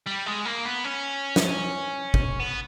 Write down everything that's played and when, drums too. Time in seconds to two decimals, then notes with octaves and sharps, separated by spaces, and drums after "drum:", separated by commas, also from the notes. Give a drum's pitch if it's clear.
0.06 G3
0.26 G#3
0.45 A#3
0.65 B3
0.84 C#4
1.36 drum: snare
2.14 drum: kick
2.40 B3